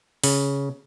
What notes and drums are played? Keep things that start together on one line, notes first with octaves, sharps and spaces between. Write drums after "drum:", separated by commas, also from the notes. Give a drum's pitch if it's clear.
C#3, drum: open hi-hat